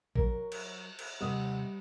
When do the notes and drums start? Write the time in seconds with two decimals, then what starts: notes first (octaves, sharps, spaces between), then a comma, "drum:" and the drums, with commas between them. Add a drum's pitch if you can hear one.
0.15 F#3 A#4, drum: kick
0.52 drum: cymbal
0.99 drum: cymbal
1.20 D#2 C3 G3 D#5 F#5 D#6